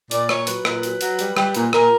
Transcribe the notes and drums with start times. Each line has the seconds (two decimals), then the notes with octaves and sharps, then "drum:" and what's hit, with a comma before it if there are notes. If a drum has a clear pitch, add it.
0.11 A#2 D5, drum: hi-hat
0.29 A#2 C#5, drum: rim click
0.47 F#3 B4, drum: hi-hat
0.65 A#2, drum: rim click
0.83 F#3, drum: hi-hat
1.01 F#3, drum: hi-hat
1.19 G3, drum: hi-hat
1.37 G3, drum: rim click
1.55 A#2, drum: hi-hat
1.73 A#2 A#4, drum: rim click